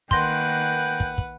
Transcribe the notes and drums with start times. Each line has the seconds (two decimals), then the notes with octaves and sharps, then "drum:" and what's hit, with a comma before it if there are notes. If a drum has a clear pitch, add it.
0.11 D#3 A#3 B4 F#5 G5 C6 A#6, drum: kick
1.00 drum: kick
1.18 drum: kick